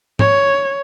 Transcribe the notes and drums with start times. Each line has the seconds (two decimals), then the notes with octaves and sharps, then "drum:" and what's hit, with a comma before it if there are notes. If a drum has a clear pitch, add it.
0.19 C#5, drum: tom